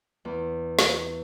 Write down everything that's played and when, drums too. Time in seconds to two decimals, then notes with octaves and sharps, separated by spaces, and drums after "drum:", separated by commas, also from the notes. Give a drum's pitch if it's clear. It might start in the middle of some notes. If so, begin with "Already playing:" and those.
0.25 E2
0.79 drum: snare